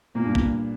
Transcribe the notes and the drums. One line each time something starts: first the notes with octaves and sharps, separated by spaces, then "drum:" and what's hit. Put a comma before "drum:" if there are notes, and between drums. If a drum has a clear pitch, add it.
A#2 A#3
G2
A#2, drum: kick